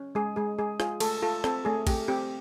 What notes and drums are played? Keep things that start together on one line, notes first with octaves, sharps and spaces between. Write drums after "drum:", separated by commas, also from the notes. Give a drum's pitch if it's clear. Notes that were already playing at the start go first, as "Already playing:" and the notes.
Already playing: C#4
G#3 G#4
G#3 G#4
G#3 G#4
F4 G#4, drum: rim click
A3 A4, drum: cymbal
F4 A4
C4 A4, drum: rim click
A3 G#4
A3 G4, drum: kick A#1, cymbal
C4 G4